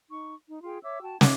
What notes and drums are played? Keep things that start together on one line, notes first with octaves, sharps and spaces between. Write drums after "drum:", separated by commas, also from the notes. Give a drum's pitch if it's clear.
D#4 C#6
D#4
F4 G#4 G5
C#5 E5 D6 E6
F#4 G5 A5
D#4 E5 D6 G#6, drum: snare